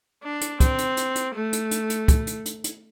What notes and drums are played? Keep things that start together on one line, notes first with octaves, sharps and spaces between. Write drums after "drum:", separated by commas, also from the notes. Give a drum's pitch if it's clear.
D4
drum: hi-hat
C4, drum: kick, hi-hat
drum: hi-hat
drum: hi-hat
drum: hi-hat
A3
drum: hi-hat
drum: hi-hat
drum: hi-hat
drum: kick, hi-hat
drum: hi-hat
drum: hi-hat
drum: hi-hat